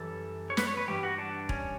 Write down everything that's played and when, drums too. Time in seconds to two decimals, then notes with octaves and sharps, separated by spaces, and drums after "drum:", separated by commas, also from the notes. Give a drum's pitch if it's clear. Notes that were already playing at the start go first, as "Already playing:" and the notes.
Already playing: F#2 E3 G3 A4
0.50 C#5
0.57 B4, drum: snare
0.67 C#5
0.77 B4
0.87 G2 E3 G3 G4
1.03 F#4
1.18 D4
1.49 C#4, drum: kick E1